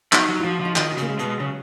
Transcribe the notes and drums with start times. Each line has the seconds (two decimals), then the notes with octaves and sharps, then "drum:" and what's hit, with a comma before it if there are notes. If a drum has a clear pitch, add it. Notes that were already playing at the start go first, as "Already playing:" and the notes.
0.13 F#3 D#4, drum: clap
0.29 F#3
0.40 F4
0.44 F3 F#4
0.61 F3 D#4
0.76 D#3 F4, drum: clap
0.92 F#4
0.97 C#3 A#3, drum: hi-hat
1.09 G#3
1.19 B2 G#3, drum: hi-hat
1.40 C#3 F#3